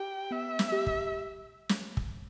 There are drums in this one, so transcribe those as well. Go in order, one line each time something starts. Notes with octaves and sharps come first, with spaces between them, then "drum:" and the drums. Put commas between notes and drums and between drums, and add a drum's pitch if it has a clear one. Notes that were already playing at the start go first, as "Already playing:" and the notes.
Already playing: G4 G5
B3 E5
drum: snare
G4
drum: kick
drum: snare
drum: kick